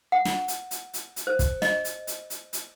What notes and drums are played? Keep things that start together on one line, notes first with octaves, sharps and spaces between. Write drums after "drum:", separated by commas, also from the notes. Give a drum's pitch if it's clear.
F#5
drum: snare
drum: hi-hat
drum: hi-hat
drum: hi-hat
drum: hi-hat
C5
drum: kick, hi-hat
D#5, drum: snare
drum: hi-hat
drum: hi-hat
drum: hi-hat
drum: hi-hat